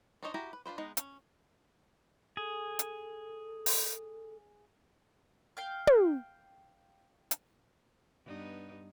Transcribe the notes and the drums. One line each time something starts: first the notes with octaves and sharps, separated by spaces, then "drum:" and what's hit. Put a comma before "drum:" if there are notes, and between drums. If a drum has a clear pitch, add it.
D4 D#4 C5 C#5 D#5
E4 F#4 G4 G#5 A#5
B4
D4 F4 B4 C5
G#3 B3 D#4 D#5
C#4, drum: hi-hat
G#4 A4
drum: hi-hat
drum: open hi-hat
F5 G5 F6
drum: tom
drum: hi-hat
G2 B3 D#4